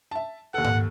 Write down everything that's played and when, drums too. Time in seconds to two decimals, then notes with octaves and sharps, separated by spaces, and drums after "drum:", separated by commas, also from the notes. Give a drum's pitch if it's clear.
0.11 E5 A5
0.54 D#2 A4 F#5
0.64 drum: tom G#2